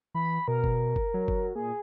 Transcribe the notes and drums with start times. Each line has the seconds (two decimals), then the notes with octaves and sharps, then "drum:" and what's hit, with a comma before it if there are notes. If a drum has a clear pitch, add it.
0.14 E3 B5
0.48 B2 A#4
0.64 drum: kick F#1
0.96 drum: kick F#1
1.14 F#3
1.28 drum: kick F#1
1.55 A#2 G#4